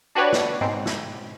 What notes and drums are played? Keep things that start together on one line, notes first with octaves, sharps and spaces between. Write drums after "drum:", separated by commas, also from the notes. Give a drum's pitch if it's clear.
D4 F#4 G4 B4 C#5 D5
drum: snare
G#2 B2 C4
drum: snare